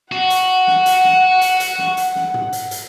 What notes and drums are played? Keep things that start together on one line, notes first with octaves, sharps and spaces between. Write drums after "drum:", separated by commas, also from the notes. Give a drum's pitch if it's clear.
F#4 F#5
drum: hi-hat
drum: snare
drum: hi-hat
drum: snare
drum: hi-hat
drum: hi-hat
drum: snare
drum: hi-hat
drum: snare
drum: tom
drum: hi-hat
drum: hi-hat